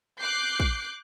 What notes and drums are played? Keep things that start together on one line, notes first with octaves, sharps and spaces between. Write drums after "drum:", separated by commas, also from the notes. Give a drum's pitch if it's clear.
D6 F#6 G6 C7
drum: kick A#1